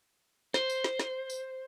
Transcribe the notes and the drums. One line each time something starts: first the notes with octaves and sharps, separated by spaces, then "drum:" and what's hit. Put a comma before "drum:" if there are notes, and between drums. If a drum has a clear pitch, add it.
C5, drum: snare
drum: tambourine
drum: snare
drum: snare
drum: tambourine